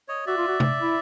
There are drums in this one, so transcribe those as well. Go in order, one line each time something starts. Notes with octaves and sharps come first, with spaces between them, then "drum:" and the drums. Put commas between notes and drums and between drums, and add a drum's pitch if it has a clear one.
C#5 D#5
F#4 D5 E5
F4
F#4
drum: tom C3
E4